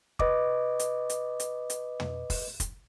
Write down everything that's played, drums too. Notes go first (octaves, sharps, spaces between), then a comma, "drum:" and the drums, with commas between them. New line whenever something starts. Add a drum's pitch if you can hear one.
B4 D#5 D6, drum: kick
drum: hi-hat
drum: hi-hat
drum: hi-hat
drum: hi-hat
drum: tom
drum: kick, open hi-hat
drum: kick, hi-hat